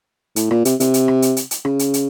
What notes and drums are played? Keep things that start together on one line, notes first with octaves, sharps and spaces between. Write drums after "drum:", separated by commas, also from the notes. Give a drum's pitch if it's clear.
A2, drum: hi-hat
A#2, drum: rim click
C3, drum: hi-hat
C3, drum: hi-hat
drum: hi-hat
drum: rim click
drum: hi-hat
drum: hi-hat
drum: hi-hat
C#3, drum: rim click
drum: hi-hat
drum: hi-hat